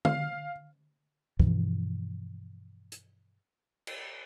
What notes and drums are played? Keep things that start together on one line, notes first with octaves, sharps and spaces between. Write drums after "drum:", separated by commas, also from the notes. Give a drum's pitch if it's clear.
F5, drum: tom D3
G2 B2 E3 F3, drum: kick
drum: hi-hat
drum: cymbal